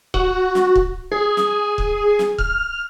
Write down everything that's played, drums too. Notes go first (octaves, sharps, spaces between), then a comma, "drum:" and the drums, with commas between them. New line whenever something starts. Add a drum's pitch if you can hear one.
F#4, drum: kick C#1
drum: snare
drum: kick C#1
G#4
drum: snare
drum: kick C#1
drum: snare
F6, drum: kick C#1